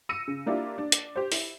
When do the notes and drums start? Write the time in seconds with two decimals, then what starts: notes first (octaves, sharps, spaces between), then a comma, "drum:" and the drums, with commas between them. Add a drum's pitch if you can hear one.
0.09 E6 A#6 C#7 D#7
0.28 C#3
0.46 A#3 D4 E4 F4 G4
0.78 D4
0.92 drum: hi-hat
1.16 G4 C5
1.32 E4, drum: open hi-hat